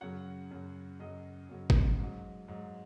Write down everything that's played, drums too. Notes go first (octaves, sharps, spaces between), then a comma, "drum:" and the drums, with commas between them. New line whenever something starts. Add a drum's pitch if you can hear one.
F#2 C#3 F#3 C#5 F#5
F#2 C#3 F#3
F#2 C#3 F#3 D#5
F#2 C#3 F#3
drum: kick
G#2 F#3
G#2 F#3